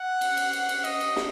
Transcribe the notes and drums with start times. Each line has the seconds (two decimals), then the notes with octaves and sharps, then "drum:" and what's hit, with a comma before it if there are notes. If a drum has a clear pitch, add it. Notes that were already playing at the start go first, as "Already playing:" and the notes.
Already playing: F#5
0.21 drum: cymbal
0.37 drum: cymbal
0.53 drum: cymbal
0.69 drum: cymbal
0.84 D#5, drum: cymbal
1.00 drum: cymbal
1.16 drum: snare